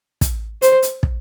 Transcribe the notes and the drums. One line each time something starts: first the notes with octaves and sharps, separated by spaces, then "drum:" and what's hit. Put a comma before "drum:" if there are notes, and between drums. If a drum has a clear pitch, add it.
drum: kick, hi-hat
C5, drum: hi-hat
drum: hi-hat
drum: kick